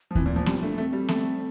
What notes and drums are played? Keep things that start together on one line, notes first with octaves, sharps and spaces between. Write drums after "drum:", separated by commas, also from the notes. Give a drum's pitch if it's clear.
F3
E3 C4, drum: kick D#2
A#2
A#3
F3
G3 C4, drum: snare B3
A3 D4
A3 C4
G3
A3, drum: snare B3